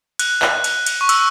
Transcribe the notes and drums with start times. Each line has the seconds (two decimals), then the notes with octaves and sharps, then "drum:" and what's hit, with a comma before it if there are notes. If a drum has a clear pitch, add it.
0.19 F#6, drum: cymbal
0.42 drum: clap
0.64 drum: cymbal
0.86 drum: cymbal
1.01 C#6
1.09 E6, drum: cymbal